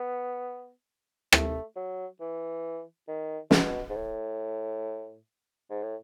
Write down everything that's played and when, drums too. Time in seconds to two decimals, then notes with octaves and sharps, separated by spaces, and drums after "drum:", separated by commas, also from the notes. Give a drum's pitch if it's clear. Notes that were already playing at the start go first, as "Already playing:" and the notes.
Already playing: B3
1.32 A3, drum: rim click
1.76 F#3
2.21 E3
3.08 D#3
3.51 B2, drum: snare
3.90 G#2
3.95 A2
5.70 G#2
5.83 A2